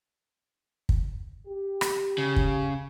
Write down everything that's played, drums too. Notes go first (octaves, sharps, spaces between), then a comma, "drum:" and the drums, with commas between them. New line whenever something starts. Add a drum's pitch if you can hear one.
drum: kick
G4
drum: rim click
C#3
drum: kick